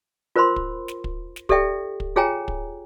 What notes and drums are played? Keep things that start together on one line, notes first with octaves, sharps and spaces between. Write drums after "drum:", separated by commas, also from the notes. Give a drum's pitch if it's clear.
F4 A#4 C5 B5 C6
drum: kick
drum: snare
drum: kick
drum: snare
G4 A4 D5 E5 G5, drum: kick
drum: kick
F4 G#4 C#5 G5 G#5 A#5
drum: kick